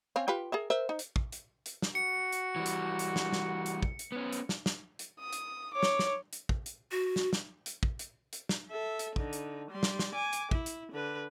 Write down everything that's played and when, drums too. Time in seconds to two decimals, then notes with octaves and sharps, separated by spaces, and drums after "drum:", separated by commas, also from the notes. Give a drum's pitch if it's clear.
0.16 C4 C#4 F5
0.28 F4 G4 B4
0.52 G#4 A#4 E5
0.70 A#4 C5 E5
0.89 D#4
0.99 drum: hi-hat
1.16 drum: kick
1.32 drum: hi-hat
1.66 drum: hi-hat
1.82 drum: snare
1.95 F#4 C#7
2.32 drum: hi-hat
2.56 E3 G3
2.66 drum: hi-hat
2.99 drum: hi-hat
3.16 drum: snare
3.32 drum: snare
3.66 drum: hi-hat
3.83 drum: kick
3.99 drum: hi-hat
4.12 B3 C#4
4.33 drum: hi-hat
4.49 drum: snare
4.66 drum: snare
4.99 drum: hi-hat
5.20 D#6
5.33 drum: hi-hat
5.73 C#5 D6
5.83 drum: snare
5.99 drum: snare
6.33 drum: hi-hat
6.49 drum: kick
6.66 drum: hi-hat
6.92 F#4
7.16 drum: snare
7.33 drum: snare
7.66 drum: hi-hat
7.83 drum: kick
7.99 drum: hi-hat
8.33 drum: hi-hat
8.49 drum: snare
8.70 A4 E5
8.99 drum: hi-hat
9.16 D3 D#4, drum: kick
9.33 drum: hi-hat
9.71 G3 C6
9.83 drum: snare
9.99 drum: snare
10.14 G#5 D6
10.33 drum: hi-hat
10.51 E4, drum: kick
10.66 drum: hi-hat
10.92 D3 B4